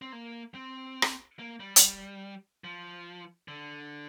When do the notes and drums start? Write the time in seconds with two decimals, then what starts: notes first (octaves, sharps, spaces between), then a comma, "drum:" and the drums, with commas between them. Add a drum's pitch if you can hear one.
0.02 C4
0.12 A#3
0.55 C4
1.02 drum: rim click
1.39 A#3
1.60 G3
1.76 drum: hi-hat
2.64 F3
3.48 D3